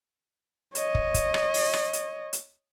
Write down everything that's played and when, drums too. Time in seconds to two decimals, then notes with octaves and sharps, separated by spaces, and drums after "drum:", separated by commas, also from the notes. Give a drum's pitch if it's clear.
0.75 C#5 D#5, drum: hi-hat
0.95 drum: kick
1.14 drum: kick, hi-hat
1.34 drum: rim click
1.54 drum: open hi-hat
1.74 drum: rim click
1.93 drum: hi-hat
2.33 drum: hi-hat